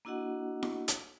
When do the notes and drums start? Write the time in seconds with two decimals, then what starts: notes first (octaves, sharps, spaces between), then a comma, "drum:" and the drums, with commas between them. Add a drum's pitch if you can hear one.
0.05 A#3 D4 E4 F#4 D#5 F#5
0.63 drum: snare E4
0.88 drum: hi-hat